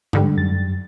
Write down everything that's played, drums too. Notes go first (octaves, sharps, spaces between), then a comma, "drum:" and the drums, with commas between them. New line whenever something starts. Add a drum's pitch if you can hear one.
G#2 D3 G3, drum: tom G2
F#2 A6